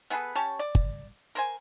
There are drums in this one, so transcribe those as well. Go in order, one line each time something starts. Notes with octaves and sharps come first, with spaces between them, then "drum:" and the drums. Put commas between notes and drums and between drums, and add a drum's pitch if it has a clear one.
B3 G#4 A4 B4
C#4 G4 C#5 A5
D5
drum: kick G1
A#4 C5 G#5